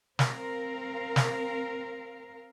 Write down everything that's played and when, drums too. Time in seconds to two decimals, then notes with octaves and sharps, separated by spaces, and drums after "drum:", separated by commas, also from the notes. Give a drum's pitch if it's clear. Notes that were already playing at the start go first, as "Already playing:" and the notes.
0.19 C4 A#4 F5, drum: snare
1.16 drum: snare